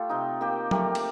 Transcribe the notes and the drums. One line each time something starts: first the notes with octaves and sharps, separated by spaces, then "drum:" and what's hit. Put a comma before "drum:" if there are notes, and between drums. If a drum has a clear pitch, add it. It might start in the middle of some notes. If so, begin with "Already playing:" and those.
Already playing: A3 F4 G4 A4
C3 C4 D#4
A#3 D#4 G4
A3 G4 A#4, drum: tom F#3
drum: cymbal